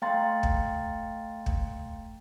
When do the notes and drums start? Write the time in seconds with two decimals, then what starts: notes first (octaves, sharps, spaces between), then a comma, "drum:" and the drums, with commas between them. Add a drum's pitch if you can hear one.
0.02 A3 F5 G5 A#5 C6 A6
0.43 drum: kick
1.46 drum: kick